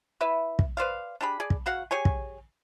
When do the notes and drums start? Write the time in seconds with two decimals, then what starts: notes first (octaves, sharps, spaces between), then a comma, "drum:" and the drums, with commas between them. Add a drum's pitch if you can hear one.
0.21 E4 B4 E5
0.59 drum: kick
0.77 B4 C5 D5 F5
1.21 D4 G4 G#4 B5
1.40 G#4 D5
1.50 drum: kick
1.66 C#3 F#4 F5 F#5
1.91 G4 G#4 C#5 G#5
2.05 drum: kick